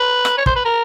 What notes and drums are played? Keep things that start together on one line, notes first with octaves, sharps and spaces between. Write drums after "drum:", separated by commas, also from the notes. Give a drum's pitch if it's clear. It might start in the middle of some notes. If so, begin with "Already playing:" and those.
Already playing: B4
drum: rim click
C#5
C5, drum: kick
B4
A#4